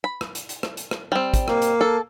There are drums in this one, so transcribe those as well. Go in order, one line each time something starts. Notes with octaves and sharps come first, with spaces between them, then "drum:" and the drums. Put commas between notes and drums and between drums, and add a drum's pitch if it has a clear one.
B5
drum: rim click
drum: hi-hat
drum: hi-hat
drum: rim click
drum: hi-hat
drum: rim click
G3 C4
drum: kick, hi-hat
A#3, drum: rim click
drum: hi-hat
A4